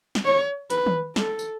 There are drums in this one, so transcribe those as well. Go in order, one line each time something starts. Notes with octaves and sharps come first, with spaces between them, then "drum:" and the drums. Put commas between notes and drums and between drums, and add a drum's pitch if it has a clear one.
drum: snare
C#5
B4, drum: hi-hat
drum: tom
A4, drum: snare
drum: tambourine